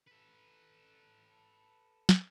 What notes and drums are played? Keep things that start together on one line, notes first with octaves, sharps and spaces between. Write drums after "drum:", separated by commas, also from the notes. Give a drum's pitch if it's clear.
A4 B4
drum: snare